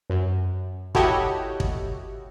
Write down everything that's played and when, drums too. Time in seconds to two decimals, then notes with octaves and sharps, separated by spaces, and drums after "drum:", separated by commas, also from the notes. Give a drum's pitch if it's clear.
0.10 F#2
0.95 E4 F#4 G4 A4 C#5 D#5, drum: kick
1.60 drum: kick